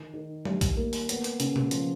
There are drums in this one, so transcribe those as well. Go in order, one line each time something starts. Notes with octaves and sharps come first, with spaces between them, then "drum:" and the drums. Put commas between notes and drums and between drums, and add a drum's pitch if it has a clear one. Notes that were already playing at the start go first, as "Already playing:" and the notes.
Already playing: D#3
D#3
G3, drum: tom F#3
drum: kick A#1, hi-hat
A#3
drum: open hi-hat
B3, drum: hi-hat
drum: hi-hat
C#3, drum: hi-hat
drum: tom B2
F3, drum: hi-hat